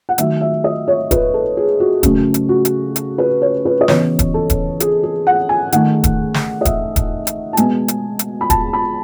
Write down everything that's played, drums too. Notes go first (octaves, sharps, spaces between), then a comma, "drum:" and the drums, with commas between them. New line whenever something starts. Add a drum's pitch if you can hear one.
F#5
D#3 F#3 A3 E5, drum: hi-hat
E5
D#5
C#5
B4, drum: kick D#1, hi-hat
A4
G#4
F#4
C#3 F#3 A3, drum: kick D#1, hi-hat
drum: hi-hat
F#4
drum: hi-hat
drum: hi-hat
B4
C#5
B4
D#5
C#3 E3 B3 C#5, drum: snare
drum: kick D#1, hi-hat
A4
drum: kick D#1, hi-hat
G#4, drum: hi-hat
G#4
F#5
G#5
D#3 A3 F#5, drum: hi-hat
drum: kick D#1, hi-hat
drum: snare
D#5
E5, drum: kick D#1, hi-hat
drum: kick D#1, hi-hat
drum: hi-hat
A5
B2 G#3 B3 G#5, drum: hi-hat
drum: hi-hat
drum: hi-hat
B5
A5, drum: kick D#1, hi-hat
B5